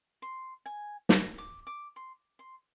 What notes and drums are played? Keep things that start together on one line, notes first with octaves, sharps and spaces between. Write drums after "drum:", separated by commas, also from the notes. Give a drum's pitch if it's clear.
C6
G#5
A#5, drum: snare
D6
D6
C6
C6